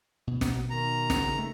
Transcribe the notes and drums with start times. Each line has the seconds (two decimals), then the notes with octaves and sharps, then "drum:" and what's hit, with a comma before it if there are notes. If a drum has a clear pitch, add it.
0.27 B2
0.41 drum: snare
0.70 D#3 A#5
1.10 C#3, drum: snare
1.39 A3